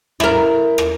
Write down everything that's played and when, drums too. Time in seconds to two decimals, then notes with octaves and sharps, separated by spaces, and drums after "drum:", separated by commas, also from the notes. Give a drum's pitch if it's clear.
0.20 E4 A#4, drum: rim click
0.78 drum: rim click